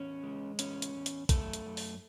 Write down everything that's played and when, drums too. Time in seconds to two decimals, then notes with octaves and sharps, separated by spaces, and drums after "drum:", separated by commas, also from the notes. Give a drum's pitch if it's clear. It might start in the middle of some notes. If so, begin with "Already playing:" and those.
Already playing: E2 C#4
0.23 G#3
0.59 E2 C#4, drum: hi-hat
0.82 drum: hi-hat
0.95 E2
1.06 drum: hi-hat
1.29 F#2 A3 A4, drum: kick, hi-hat
1.53 drum: hi-hat
1.66 F#2
1.77 drum: open hi-hat